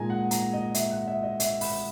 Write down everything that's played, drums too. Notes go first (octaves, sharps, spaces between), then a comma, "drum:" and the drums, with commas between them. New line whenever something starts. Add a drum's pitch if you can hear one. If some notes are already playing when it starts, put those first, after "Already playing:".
Already playing: A#2 G#3 D#4 G#5 A#5
F#5
A#5, drum: hi-hat
D#5
E5, drum: hi-hat
F#5
E5
D#5
E5, drum: hi-hat
B5, drum: open hi-hat